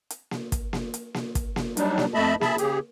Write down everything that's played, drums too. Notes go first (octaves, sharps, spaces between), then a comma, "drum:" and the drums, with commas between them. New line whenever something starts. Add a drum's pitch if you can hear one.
drum: hi-hat
drum: snare A#3
drum: kick, hi-hat
drum: snare A#3
drum: hi-hat
drum: snare A#3
drum: kick, hi-hat
drum: snare A#3
F#3 G3 D4 D#4, drum: hi-hat
drum: snare A#3
F2 A3 D#5 E5 A5 B5
G#4 E5 A5 B5, drum: snare A#3
C#3 G4 G#4, drum: hi-hat